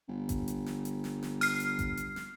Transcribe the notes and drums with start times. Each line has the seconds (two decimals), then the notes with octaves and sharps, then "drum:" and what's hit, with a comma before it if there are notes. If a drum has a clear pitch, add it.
0.08 G1
0.29 drum: kick A1, hi-hat
0.48 drum: hi-hat
0.66 drum: snare
0.85 drum: hi-hat
1.04 drum: snare
1.23 drum: snare
1.41 F6 C7, drum: open hi-hat
1.60 drum: hi-hat
1.79 drum: kick A1, hi-hat
1.97 drum: hi-hat
2.16 drum: snare